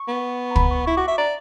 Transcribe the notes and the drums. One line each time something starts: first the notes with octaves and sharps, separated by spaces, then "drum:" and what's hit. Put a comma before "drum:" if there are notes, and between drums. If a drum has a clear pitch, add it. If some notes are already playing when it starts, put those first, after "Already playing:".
Already playing: C#6
B3
A#5
B5, drum: kick
C#6
E4 C#6
F#4 D6
E5 C#6
D5 A#5